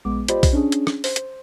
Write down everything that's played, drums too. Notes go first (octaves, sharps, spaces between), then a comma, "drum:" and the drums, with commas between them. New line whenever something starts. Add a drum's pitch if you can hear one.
A#1 G#3 B3 D6
F4 G4 C5 D5 D#5 B5, drum: hi-hat
drum: kick B1, open hi-hat
C#4 D4 G#4
drum: hi-hat
drum: rim click
C5, drum: open hi-hat
drum: hi-hat